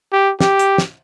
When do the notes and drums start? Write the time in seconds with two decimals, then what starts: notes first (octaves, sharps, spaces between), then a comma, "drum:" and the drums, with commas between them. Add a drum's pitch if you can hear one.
0.12 G4
0.41 G4, drum: snare
0.59 drum: hi-hat
0.78 drum: snare